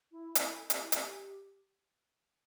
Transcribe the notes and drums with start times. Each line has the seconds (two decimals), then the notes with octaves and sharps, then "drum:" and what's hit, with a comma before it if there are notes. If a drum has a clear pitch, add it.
0.12 E4
0.35 E4, drum: hi-hat
0.58 A4
0.70 G4, drum: hi-hat
0.82 E4
0.92 G4, drum: hi-hat